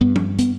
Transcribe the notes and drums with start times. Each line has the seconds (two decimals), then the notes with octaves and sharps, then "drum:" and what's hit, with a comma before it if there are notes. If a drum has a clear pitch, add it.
0.01 G2 B3
0.16 drum: tom
0.39 B3, drum: hi-hat